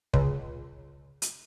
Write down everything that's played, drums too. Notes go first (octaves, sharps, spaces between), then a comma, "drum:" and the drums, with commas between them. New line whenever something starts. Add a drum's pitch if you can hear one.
C#2, drum: kick
drum: hi-hat